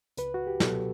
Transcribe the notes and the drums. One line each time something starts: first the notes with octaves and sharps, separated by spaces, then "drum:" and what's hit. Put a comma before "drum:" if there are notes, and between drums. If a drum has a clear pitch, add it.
C#2 B4, drum: hi-hat
F#4
G4
B2 F#3 A4, drum: snare